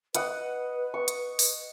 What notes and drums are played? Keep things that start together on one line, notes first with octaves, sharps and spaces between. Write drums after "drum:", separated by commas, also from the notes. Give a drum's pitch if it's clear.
B4 D#5 F#5 D#6, drum: hi-hat
C#6
drum: hi-hat
drum: open hi-hat